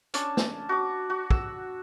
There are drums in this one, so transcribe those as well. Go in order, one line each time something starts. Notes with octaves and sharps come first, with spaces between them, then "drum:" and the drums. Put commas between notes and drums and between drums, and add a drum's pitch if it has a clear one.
C#4 D4 A5, drum: hi-hat
drum: snare
F#4 D6
F#4
E6, drum: kick